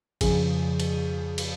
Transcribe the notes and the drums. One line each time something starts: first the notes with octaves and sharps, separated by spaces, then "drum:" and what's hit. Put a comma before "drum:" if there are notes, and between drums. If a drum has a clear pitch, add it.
F2 C#3 F3 G#4, drum: kick G#1, cymbal
drum: cymbal
drum: cymbal